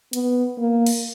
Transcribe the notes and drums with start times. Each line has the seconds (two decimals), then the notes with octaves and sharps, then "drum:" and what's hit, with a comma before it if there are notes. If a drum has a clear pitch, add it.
0.13 B3, drum: hi-hat
0.58 A#3
0.86 drum: cymbal